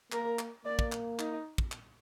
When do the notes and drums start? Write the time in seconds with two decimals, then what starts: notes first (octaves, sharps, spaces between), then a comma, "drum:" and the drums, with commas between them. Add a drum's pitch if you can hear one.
0.12 A#3 A#4, drum: clap
0.39 drum: clap
0.65 A#3 D5
0.79 drum: kick
0.92 drum: clap
1.19 D#4, drum: clap
1.58 drum: kick
1.72 drum: clap